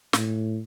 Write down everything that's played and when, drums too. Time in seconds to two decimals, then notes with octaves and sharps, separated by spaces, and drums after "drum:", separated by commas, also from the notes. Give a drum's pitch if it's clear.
0.13 A2, drum: snare